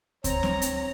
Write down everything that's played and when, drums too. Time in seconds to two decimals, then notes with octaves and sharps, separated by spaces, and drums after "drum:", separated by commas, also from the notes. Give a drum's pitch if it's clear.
0.24 C4 C#5 A#5, drum: kick D2, hi-hat
0.43 drum: snare C4
0.62 drum: hi-hat